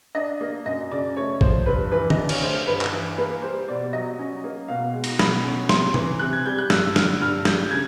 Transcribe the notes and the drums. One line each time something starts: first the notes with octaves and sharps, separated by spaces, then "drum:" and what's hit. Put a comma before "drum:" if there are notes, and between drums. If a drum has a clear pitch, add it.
D4 D#5
A#3
F#2 D#5
C#3 D5
A3 C#5
F3 C5, drum: kick A1
G2 B4
E3 B4
D#5, drum: tom
D4 D5
C#5, drum: cymbal
A3 C5
G2 B4
drum: clap
E3
A#3 B4
G3 C5
B2 D5
F#3 D#5
C#4
A#3
B2 F5
G#3
drum: cymbal
B2 B5, drum: snare
C#4
C3 C6, drum: snare
E3, drum: tom
C3 F#6
G#6
G3 G6
F#6
G2 E6, drum: snare
D3 F6, drum: snare
G2 F6
G3 G6, drum: snare
C#3 G#6